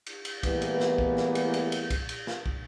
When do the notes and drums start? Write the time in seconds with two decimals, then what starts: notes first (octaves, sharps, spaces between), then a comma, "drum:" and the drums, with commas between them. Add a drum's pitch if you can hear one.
0.06 drum: cymbal
0.25 drum: cymbal
0.43 E2 A2 E3 G3 A#3 B3, drum: kick, cymbal
0.62 drum: cymbal
0.80 drum: snare
0.98 drum: kick
1.17 drum: snare
1.35 drum: cymbal
1.54 drum: cymbal
1.72 drum: cymbal
1.90 drum: kick, cymbal
2.09 drum: cymbal
2.27 drum: snare
2.46 drum: kick